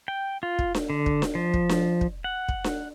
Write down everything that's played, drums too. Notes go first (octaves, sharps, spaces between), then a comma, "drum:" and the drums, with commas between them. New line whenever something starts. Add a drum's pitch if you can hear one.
G5
F4
drum: kick
drum: snare D4
D3
drum: kick
drum: snare D4
F3
drum: kick
drum: snare D4
drum: kick
F#5
drum: kick
drum: snare D4